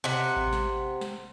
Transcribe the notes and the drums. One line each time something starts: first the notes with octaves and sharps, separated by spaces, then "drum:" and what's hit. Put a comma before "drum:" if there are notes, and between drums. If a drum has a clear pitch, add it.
C3 F#5
drum: kick A1
drum: snare
drum: snare